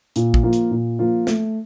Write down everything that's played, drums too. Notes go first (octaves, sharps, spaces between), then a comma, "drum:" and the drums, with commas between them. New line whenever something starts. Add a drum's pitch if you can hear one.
A#2, drum: hi-hat
drum: kick
F3 A#3 F4
drum: hi-hat
A#2
F3 A#3 F4
A3, drum: snare